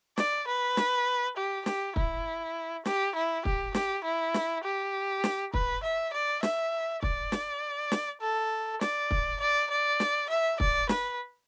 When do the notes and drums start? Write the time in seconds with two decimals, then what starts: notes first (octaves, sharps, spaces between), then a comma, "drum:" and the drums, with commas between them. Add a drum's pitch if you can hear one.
0.18 D5, drum: snare
0.47 B4
0.77 drum: snare
1.37 G4
1.66 G4, drum: snare
1.96 E4, drum: kick
2.86 G4, drum: snare
3.15 E4
3.45 G4, drum: kick
3.74 G4, drum: snare
4.04 E4
4.34 drum: snare
4.64 G4
5.24 drum: snare
5.54 B4, drum: kick
5.83 E5
6.13 D5
6.43 E5, drum: snare
7.03 D5, drum: kick
7.32 drum: snare
7.92 drum: snare
8.21 A4
8.81 D5, drum: snare
9.11 drum: kick
9.40 D5
9.70 D5
10.00 drum: snare
10.30 E5
10.60 D5, drum: kick
10.89 B4, drum: snare